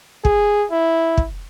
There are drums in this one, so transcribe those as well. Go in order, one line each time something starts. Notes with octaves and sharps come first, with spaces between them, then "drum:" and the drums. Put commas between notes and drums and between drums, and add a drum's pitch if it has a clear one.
G#4, drum: kick
E4
drum: kick